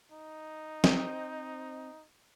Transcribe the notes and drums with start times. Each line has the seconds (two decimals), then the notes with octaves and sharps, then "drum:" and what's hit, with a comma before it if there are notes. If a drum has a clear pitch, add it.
0.12 D#4
0.84 C4 D#5 G5, drum: snare